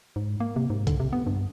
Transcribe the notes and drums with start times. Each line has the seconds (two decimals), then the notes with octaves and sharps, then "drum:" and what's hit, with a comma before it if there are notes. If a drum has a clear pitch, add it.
0.16 G#2
0.40 A#3
0.56 C3
0.70 G#2
0.87 D3, drum: kick, hi-hat
1.00 C3
1.13 B3
1.27 G2